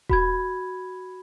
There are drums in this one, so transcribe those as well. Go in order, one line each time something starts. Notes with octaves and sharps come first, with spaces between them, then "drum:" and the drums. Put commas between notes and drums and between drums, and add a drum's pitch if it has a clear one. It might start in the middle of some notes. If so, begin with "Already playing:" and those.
F#4 B5 G#6, drum: kick D#1